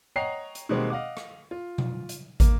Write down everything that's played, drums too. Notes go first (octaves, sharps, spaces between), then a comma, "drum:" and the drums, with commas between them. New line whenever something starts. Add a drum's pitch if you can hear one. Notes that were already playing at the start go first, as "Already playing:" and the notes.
C#5 D#5 F#5 G5 A#5 C7
drum: hi-hat
B2 D#3 G3 G#3 A#3 C4
D#5 F5 F#5 D6
drum: rim click
F4
drum: tom B2
drum: hi-hat
A#3, drum: kick, hi-hat